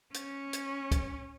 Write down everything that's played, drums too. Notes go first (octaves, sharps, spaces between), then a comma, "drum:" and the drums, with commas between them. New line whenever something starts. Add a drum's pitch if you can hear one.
C#4, drum: hi-hat
drum: hi-hat
drum: kick, hi-hat